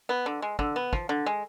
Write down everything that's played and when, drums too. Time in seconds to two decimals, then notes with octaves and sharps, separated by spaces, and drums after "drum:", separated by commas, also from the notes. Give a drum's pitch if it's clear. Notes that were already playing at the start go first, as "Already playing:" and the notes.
0.09 B3
0.26 D3
0.42 G#3
0.59 D3, drum: kick
0.76 B3
0.93 F3, drum: kick
1.09 D3
1.26 G#3